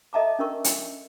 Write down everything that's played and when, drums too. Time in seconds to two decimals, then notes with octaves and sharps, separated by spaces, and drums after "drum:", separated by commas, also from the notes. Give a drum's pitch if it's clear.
0.13 A4 D#5 E5 A5 A#5 D6
0.39 C#4 D4 A#4 C#6
0.64 drum: hi-hat